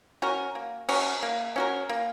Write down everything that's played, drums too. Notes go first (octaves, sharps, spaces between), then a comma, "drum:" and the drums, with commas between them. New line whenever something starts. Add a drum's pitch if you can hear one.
C#4 F#4 A#4
A#3
C#4 F#4 A#4, drum: cymbal
A#3
C#4 F#4 A#4
A#3